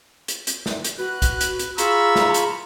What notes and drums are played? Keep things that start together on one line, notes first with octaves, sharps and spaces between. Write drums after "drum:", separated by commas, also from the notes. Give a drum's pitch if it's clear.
drum: hi-hat
drum: hi-hat
drum: snare
drum: hi-hat
F#4 B4 F#6
drum: kick, hi-hat
drum: hi-hat
drum: hi-hat
F4 G#4 A#5 B5 C#6 E6, drum: hi-hat
drum: snare
drum: hi-hat